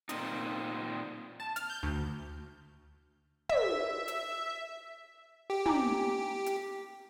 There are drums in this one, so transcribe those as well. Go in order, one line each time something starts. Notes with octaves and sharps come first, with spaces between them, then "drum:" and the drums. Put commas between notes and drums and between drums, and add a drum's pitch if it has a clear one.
A#2 C4 D#4, drum: hi-hat
A5
F6, drum: hi-hat
G6
D2
E5, drum: tom
drum: hi-hat
G4
G#5 A#5 D6, drum: tom
drum: hi-hat